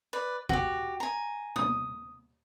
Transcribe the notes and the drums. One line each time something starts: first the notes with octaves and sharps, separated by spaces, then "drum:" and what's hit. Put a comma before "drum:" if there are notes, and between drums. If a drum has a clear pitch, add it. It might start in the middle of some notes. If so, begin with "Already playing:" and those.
B4 D5
F#4 G4, drum: kick
G#5 A#5
D#6, drum: tom